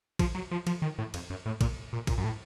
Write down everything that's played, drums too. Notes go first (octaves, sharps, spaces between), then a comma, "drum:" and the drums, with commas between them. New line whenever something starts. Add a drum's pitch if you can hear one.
F3, drum: kick A#1, cymbal
F#3
F3
F3, drum: cymbal
D#3
A2
F2, drum: cymbal
F#2
A2
A#2, drum: kick A#1, cymbal
A#2
A#2, drum: kick A#1, cymbal
F#2
A2